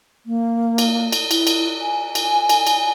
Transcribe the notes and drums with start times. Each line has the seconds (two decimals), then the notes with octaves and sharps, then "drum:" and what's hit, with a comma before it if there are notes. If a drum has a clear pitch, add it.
0.26 A#3
0.78 drum: cymbal
1.12 drum: cymbal
1.31 E4, drum: cymbal
1.47 drum: cymbal
1.81 G#5
2.15 drum: cymbal
2.49 drum: cymbal
2.67 drum: cymbal